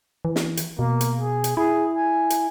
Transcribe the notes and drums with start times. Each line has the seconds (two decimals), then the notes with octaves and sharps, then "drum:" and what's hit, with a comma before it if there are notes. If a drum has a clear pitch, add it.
0.25 E3
0.36 drum: snare
0.57 drum: hi-hat
0.79 B2 A#3
1.01 drum: hi-hat
1.20 G#4
1.44 drum: hi-hat
1.57 E4 G#4
1.95 G#5
2.30 drum: hi-hat